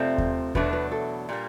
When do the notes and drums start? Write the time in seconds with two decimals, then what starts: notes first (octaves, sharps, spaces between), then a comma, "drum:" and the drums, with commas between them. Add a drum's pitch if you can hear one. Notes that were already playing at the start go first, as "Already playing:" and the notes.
Already playing: F2 C3 F3 A3 C4 D5 E5
0.18 drum: kick D#2
0.55 E2 B2 F#3 A3 D4 B4, drum: kick D#2
0.73 B4
0.92 A4
1.29 A#2 G3 A#3